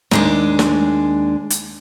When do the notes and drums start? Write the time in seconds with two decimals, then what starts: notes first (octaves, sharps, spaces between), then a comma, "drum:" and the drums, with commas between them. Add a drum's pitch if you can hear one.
0.11 D#2 G#3 D4, drum: snare
0.59 drum: snare
1.50 drum: hi-hat